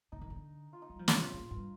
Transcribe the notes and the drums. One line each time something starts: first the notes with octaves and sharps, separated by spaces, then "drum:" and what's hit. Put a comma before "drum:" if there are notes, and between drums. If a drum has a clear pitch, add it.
D3 D#4
D#3
D3
F4
D#4
G3
F3
D3, drum: snare
C3 F4
A#2
G2